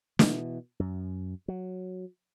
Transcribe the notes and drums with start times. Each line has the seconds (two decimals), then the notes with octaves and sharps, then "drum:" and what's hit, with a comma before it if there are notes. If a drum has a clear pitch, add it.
0.19 B2 E3, drum: snare
0.80 F#2
1.48 F#3